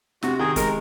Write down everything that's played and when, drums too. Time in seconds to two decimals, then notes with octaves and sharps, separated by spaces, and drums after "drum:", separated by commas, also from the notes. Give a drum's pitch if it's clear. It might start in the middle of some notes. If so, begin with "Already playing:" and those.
0.23 C3 F#4, drum: snare
0.39 D#3 G#4
0.56 G#3 A#4, drum: kick, hi-hat